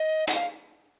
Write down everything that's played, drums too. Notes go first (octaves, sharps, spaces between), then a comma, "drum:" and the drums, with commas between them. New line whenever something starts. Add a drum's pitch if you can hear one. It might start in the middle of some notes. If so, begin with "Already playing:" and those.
Already playing: D#5
F#5, drum: hi-hat
F5